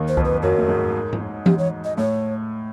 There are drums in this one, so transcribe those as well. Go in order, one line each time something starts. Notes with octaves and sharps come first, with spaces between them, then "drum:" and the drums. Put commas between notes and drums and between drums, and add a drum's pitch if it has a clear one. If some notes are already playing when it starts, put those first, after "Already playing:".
Already playing: D#2 D#3
C5
F2 F3, drum: kick C2
B4
F#2 F#3 A#4
A3
G#2 G#3
drum: tom G#2
G4, drum: tom E3
C#5
D#5
A2 A3 C#5